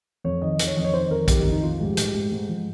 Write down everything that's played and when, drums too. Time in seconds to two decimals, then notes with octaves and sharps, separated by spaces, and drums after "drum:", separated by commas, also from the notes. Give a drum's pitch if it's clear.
0.24 F2 C#5
0.41 D#3 D#5
0.59 D#3, drum: hi-hat
0.67 C#5
0.77 F2 D#5
0.84 C#5
0.94 D#3 C5
1.11 F2 A#4
1.28 D#3 G4, drum: kick, hi-hat
1.40 D#4
1.45 F2
1.52 D#4
1.62 F3 F4
1.80 G#2 G4
1.97 G#2 G4, drum: hi-hat
2.14 G#2
2.32 G#2
2.49 F3